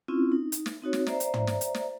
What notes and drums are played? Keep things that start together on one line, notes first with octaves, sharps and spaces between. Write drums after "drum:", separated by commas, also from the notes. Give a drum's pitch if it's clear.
C4 C#4 E4 F4
D#4
drum: hi-hat
drum: snare
C4 D#4 F#4 C#5
drum: snare
C5 D5 E5 A#5, drum: snare
drum: hi-hat
drum: tom
drum: snare
drum: hi-hat
drum: snare